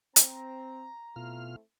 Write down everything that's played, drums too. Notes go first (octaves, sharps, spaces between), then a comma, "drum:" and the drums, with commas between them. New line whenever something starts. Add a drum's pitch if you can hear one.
C4 A#5, drum: hi-hat
B2 A3 C4 E4 F4 F6